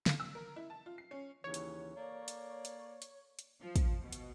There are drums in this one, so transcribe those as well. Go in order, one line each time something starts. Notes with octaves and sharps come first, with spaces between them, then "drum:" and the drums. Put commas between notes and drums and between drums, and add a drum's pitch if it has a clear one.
F5, drum: snare
E6
A#4
E4
A5
F4
C7
C#4
D#2 C#3 E3 C#5
drum: hi-hat
A#3 A4 D5
drum: hi-hat
drum: hi-hat
drum: hi-hat
drum: hi-hat
F3
drum: kick, hi-hat
B2
drum: hi-hat